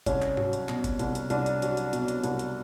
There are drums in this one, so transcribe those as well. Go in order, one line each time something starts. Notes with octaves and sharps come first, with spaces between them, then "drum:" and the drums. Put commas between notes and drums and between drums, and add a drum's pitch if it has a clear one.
C2 C#4, drum: kick F#1, hi-hat
drum: clap
F#3, drum: tom G#2
drum: hi-hat
B2, drum: clap
drum: kick F#1, hi-hat
C2, drum: hi-hat
drum: hi-hat
C2 D4, drum: hi-hat
drum: hi-hat
F#3, drum: hi-hat
drum: hi-hat
B2, drum: hi-hat
drum: hi-hat
C2, drum: hi-hat
drum: hi-hat